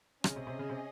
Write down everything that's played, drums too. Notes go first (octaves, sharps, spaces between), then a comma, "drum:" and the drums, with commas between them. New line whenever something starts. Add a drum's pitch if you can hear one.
C#3 C#4 G#4 D#5, drum: rim click
C3
C3
C#3
C3